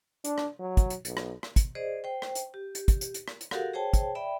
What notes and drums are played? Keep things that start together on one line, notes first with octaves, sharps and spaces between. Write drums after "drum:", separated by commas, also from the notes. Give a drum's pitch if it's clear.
D4, drum: hi-hat
drum: rim click
F#3
drum: kick, hi-hat
drum: hi-hat
B1, drum: hi-hat
drum: rim click
drum: rim click
drum: kick, hi-hat
G#4 C5 D5 D#5
C5 G5
drum: rim click
drum: hi-hat
G4
drum: hi-hat
drum: kick, hi-hat
drum: hi-hat
drum: hi-hat
drum: rim click
drum: hi-hat
F#4 G4 A4 A#4 F5 F#5, drum: rim click
G#4 C5 C#5 G5 A5
drum: kick, hi-hat
D5 E5 G5 B5